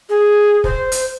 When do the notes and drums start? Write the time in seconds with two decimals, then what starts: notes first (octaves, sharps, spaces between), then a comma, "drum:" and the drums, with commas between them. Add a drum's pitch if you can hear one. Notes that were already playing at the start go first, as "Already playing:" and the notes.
0.10 G#4
0.64 C5, drum: kick
0.92 drum: hi-hat